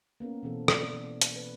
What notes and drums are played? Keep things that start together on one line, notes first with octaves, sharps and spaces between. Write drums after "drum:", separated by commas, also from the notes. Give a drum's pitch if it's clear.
A#3 B3 C#4 A#4
B2 E3 C4 A4
D5, drum: rim click
drum: hi-hat
B4